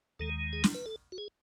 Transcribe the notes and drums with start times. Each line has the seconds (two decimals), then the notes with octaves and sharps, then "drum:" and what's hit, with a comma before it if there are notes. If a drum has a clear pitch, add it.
0.19 D#2 D#3 G#3 A4
0.53 G#4
0.64 drum: snare
0.74 B4
0.86 A4
1.12 F#4
1.18 G#4